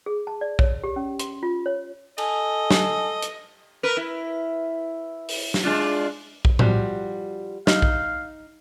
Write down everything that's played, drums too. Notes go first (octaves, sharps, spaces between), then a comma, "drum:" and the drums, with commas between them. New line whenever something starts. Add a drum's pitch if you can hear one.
G#4
A5
D5
C#5, drum: kick A#1
G4
C#4
C6, drum: hi-hat
F4
C#5
A4 D#5 G#5, drum: cymbal
drum: snare
drum: hi-hat
A#4 B4
E4
drum: open hi-hat
drum: snare
G#3 D4 F4
drum: kick A#1
F3 G3 F#4, drum: tom A2
D#4 F5, drum: snare
drum: kick A#1